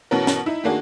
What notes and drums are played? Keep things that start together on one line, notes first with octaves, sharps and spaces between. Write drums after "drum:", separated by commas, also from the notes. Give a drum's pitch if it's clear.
B2 E3 B3 C#4 F#4 A#4
drum: snare
D#4 E4
D#3 A3 A#3 D4 F#4 G#4